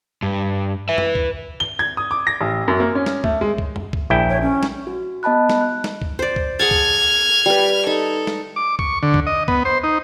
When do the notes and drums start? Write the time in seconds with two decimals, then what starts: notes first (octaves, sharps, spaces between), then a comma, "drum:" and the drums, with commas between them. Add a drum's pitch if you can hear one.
0.22 G2
0.89 B4 E5
0.98 drum: tom F#2
1.15 drum: kick C#2
1.60 G7
1.79 G#6
1.97 D#6
2.11 D6
2.27 A#6
2.41 A1
2.68 F#2
2.80 A#3
2.95 C#4
3.06 drum: snare
3.24 A3, drum: kick C#2
3.41 G#3
3.58 drum: kick C#2
3.76 drum: tom F#2
3.93 drum: kick C#2
4.10 A#1 E4 G5
4.29 C#5
4.41 C#4
4.63 drum: snare
4.87 F#4
5.23 B3 D#5 A5 B5 F#6
5.49 drum: snare
5.61 F#6
5.84 drum: snare
6.02 drum: kick C#2
6.19 C5 D5
6.36 drum: kick C#2
6.59 G#4 F#5 A5 F6 G#6
6.71 drum: kick C#2
7.46 G3 B4
7.87 D#4 A4
8.27 drum: snare
8.56 D6
8.79 C#6, drum: kick C#2
9.03 D3
9.14 drum: kick C#2
9.27 D#5
9.48 B3, drum: kick C#2
9.65 C5
9.84 D#4